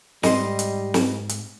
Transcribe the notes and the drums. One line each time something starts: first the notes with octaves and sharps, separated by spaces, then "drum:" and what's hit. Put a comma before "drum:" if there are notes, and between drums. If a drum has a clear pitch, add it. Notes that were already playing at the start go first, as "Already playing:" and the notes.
G#2 G3 D#5 C6, drum: snare
drum: hi-hat
drum: snare
drum: hi-hat